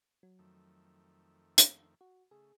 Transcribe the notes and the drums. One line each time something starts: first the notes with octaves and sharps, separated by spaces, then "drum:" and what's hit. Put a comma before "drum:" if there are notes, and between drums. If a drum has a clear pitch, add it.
F#3
F2 D#3 A3
drum: hi-hat
F#4
C#3 A3 G#4